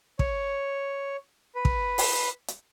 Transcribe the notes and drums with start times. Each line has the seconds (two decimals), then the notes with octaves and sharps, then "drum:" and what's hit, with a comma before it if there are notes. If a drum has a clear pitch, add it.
0.19 C#5, drum: kick
1.55 B4
1.65 drum: kick
1.98 drum: open hi-hat
2.48 drum: hi-hat